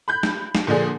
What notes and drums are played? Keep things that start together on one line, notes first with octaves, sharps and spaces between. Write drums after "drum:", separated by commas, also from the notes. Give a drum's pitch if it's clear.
B5 F#6 G6
drum: snare
drum: snare
A#2 D3 F3 D4 G#4